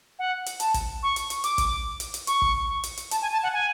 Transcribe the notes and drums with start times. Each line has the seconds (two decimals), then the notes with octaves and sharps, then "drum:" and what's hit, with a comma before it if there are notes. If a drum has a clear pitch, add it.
0.19 F#5
0.46 drum: hi-hat
0.60 A5, drum: hi-hat
0.74 drum: kick, hi-hat
1.03 C#6
1.16 drum: hi-hat
1.30 drum: hi-hat
1.44 D6, drum: hi-hat
1.58 drum: kick, hi-hat
2.00 drum: hi-hat
2.14 drum: hi-hat
2.27 C#6, drum: hi-hat
2.42 drum: kick
2.83 drum: hi-hat
2.97 drum: hi-hat
3.11 A5, drum: hi-hat
3.22 G#5
3.32 A5
3.43 F#5
3.53 G#5